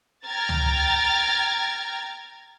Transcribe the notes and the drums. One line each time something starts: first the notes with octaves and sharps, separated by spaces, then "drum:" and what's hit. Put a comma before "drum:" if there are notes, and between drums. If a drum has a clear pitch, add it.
G5 A#5 F6 G#6 A6
drum: tom C#2